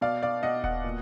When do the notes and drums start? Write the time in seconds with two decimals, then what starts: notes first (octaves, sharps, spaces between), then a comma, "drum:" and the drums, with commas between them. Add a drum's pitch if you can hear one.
0.01 B2 D5 F5
0.23 D5 F5
0.43 B2 D#5 F#5
0.64 D#5 F#5, drum: kick D#1
0.84 A#2